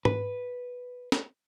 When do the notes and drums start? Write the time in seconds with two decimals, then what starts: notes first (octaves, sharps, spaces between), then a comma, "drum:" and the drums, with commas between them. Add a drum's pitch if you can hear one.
0.05 B4, drum: tom
1.12 drum: snare